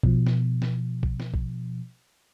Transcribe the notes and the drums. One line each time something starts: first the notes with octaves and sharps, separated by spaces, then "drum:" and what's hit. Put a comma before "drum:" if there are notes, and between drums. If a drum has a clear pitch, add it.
B2 F3, drum: kick
drum: snare
drum: snare
drum: kick
drum: snare
drum: kick